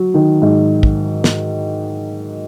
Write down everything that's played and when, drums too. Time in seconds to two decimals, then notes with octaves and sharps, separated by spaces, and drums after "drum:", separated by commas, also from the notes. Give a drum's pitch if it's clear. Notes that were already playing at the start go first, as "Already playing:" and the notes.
Already playing: F#3
0.14 D#3
0.42 G#2
0.83 drum: kick
1.24 drum: snare